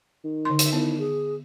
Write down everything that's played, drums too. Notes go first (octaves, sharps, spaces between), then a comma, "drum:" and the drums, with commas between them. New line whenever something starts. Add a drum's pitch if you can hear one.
D#3
D3 C6
drum: hi-hat
B3 E4
G#4